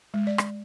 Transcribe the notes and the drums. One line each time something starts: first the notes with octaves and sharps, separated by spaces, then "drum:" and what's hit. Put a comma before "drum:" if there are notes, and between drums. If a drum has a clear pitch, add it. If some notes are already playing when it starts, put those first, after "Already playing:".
G#3
D5
drum: rim click